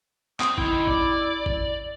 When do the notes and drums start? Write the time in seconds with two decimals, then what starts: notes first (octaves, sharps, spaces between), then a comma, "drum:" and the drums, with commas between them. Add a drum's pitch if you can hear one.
0.40 C4 D#6, drum: clap
0.58 D#4 E4 G5, drum: kick
0.87 D5, drum: kick
1.46 drum: kick